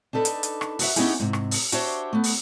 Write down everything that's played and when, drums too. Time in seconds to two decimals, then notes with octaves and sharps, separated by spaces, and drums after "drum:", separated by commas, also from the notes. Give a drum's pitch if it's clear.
0.13 D4 D#4 A4 B4
0.25 drum: hi-hat
0.43 drum: hi-hat
0.61 drum: rim click
0.79 F#4 B4 E5, drum: open hi-hat
0.96 B3 C#4 D#4 E4 G4 G#4, drum: hi-hat
1.20 G#2 C3
1.33 drum: rim click
1.51 drum: open hi-hat
1.72 D4 F#4 G4 C5 C#5 E5, drum: hi-hat
2.13 A3 B3
2.24 drum: open hi-hat